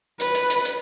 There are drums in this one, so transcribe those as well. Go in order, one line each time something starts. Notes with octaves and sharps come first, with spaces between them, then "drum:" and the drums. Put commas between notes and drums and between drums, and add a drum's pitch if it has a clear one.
B4, drum: hi-hat
drum: hi-hat
drum: hi-hat
drum: hi-hat